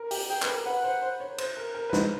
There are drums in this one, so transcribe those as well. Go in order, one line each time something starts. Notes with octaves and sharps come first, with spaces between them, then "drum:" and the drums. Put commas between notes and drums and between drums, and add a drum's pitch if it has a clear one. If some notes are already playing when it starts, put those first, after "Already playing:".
Already playing: A#4
G4, drum: open hi-hat
G#4 G5
B4, drum: clap
A#4
B4 F#5
C5
C5
C#5
C5, drum: cymbal
A#4
A#4
B4
C5, drum: snare